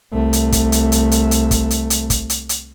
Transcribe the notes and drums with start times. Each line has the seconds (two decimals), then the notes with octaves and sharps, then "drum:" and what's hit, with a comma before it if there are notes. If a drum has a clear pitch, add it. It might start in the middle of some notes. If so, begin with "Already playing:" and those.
0.13 C2 A3
0.33 drum: hi-hat
0.52 drum: kick, hi-hat
0.72 drum: hi-hat
0.92 drum: hi-hat
1.11 drum: hi-hat
1.31 drum: hi-hat
1.51 drum: kick, hi-hat
1.71 drum: hi-hat
1.90 drum: hi-hat
2.10 drum: kick, hi-hat
2.30 drum: hi-hat
2.49 drum: hi-hat